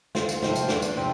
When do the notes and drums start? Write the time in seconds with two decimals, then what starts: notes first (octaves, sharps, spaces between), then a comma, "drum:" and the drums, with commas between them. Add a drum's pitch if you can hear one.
0.15 D2 F4, drum: snare
0.29 drum: tambourine
0.42 C3 F3 D#4, drum: snare
0.56 drum: tambourine
0.68 E2 D4, drum: snare
0.82 drum: tambourine
0.96 C3 F3